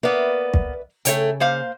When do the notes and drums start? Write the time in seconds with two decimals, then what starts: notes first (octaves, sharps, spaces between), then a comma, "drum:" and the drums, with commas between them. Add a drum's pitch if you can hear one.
0.03 A#3 B3 B4 D5 E5
0.54 drum: kick
1.05 C#3 A3 C#5 G5, drum: hi-hat
1.40 A#3 C5 F5